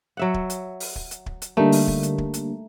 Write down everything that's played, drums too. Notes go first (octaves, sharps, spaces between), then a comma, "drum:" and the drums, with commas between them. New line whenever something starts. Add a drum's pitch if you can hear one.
F#3 E5 F#5
drum: kick
drum: hi-hat
drum: open hi-hat
drum: kick
drum: hi-hat
drum: kick
drum: hi-hat
D3 G3 A3 A#3 D#4
drum: open hi-hat
drum: kick
drum: hi-hat
drum: kick
drum: hi-hat